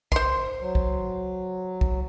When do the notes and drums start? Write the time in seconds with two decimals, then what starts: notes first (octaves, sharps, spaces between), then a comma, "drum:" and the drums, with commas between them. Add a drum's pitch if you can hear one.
0.12 C5 C6, drum: kick
0.60 F#3
0.75 drum: kick
1.81 drum: kick